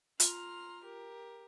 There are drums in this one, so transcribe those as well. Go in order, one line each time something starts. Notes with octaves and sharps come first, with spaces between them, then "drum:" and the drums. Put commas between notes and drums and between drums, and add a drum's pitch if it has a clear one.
F4 A#5 C6 F6, drum: hi-hat
G4 A#4